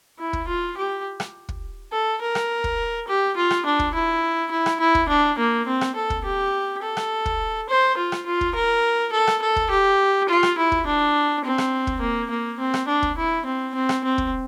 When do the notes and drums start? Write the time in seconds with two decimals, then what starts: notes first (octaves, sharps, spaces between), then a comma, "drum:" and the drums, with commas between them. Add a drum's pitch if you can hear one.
0.19 E4
0.33 drum: kick
0.48 F4
0.77 G4
1.20 drum: rim click
1.49 drum: kick
1.92 A4
2.21 A#4
2.35 drum: rim click
2.64 drum: kick
3.08 G4
3.37 F4
3.51 drum: rim click
3.66 D4
3.79 drum: kick
3.94 E4
4.51 E4
4.66 drum: rim click
4.80 E4
4.95 drum: kick
5.09 D4
5.39 A#3
5.67 C4
5.81 drum: rim click
5.95 A4
6.10 drum: kick
6.24 G4
6.83 A4
6.97 drum: rim click
7.26 drum: kick
7.69 C5
7.97 F4
8.12 drum: rim click
8.26 F4
8.41 drum: kick
8.55 A#4
9.13 A4
9.27 drum: rim click
9.42 A4
9.56 drum: kick
9.70 G4
10.29 F4
10.43 drum: rim click
10.58 E4
10.72 drum: kick
10.86 D4
11.44 C4
11.58 drum: rim click
11.87 drum: kick
12.01 A#3
12.30 A#3
12.59 C4
12.74 drum: rim click
12.88 D4
13.02 drum: kick
13.17 E4
13.46 C4
13.75 C4
13.89 drum: rim click
14.04 C4
14.18 drum: kick